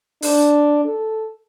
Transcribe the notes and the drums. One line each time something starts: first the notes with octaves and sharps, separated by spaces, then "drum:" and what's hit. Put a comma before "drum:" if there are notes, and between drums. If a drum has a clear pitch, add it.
D4, drum: open hi-hat
A4